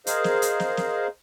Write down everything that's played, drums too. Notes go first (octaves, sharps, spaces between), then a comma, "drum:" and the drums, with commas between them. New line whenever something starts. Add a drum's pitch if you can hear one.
G#4 A#4 C5 D#5 F5, drum: hi-hat
drum: snare
drum: hi-hat
drum: snare
drum: snare